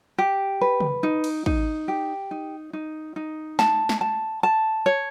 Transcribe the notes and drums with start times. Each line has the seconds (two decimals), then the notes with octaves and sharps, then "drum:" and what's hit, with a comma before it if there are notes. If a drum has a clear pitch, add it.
0.18 G4
0.61 B4
0.80 drum: tom
1.03 D#4
1.24 drum: cymbal
1.46 D#4, drum: kick
1.88 G4
2.31 D#4
2.73 D#4
3.16 D#4
3.59 A5, drum: snare
3.89 drum: snare
4.01 A5
4.43 A5
4.86 C#5